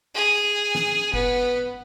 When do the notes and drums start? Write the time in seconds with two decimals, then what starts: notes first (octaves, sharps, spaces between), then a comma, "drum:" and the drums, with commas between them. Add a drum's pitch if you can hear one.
0.15 G#4
0.75 drum: snare
1.14 B3, drum: kick F#1